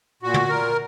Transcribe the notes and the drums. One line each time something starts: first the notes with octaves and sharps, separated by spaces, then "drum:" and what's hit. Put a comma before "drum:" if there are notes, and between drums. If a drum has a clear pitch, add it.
A#2 F#4
drum: tom
A#2 A#4